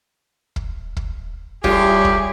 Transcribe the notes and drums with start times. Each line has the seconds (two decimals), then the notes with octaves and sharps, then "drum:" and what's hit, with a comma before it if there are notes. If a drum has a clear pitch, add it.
0.56 drum: kick
0.97 drum: kick
1.64 A2 G3 F4 G4 G#4, drum: kick
2.05 drum: kick